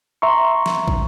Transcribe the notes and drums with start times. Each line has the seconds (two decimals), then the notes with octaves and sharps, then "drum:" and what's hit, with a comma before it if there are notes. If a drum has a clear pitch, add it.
0.22 E5 A#5 C6 C#6
0.66 drum: snare
0.88 drum: kick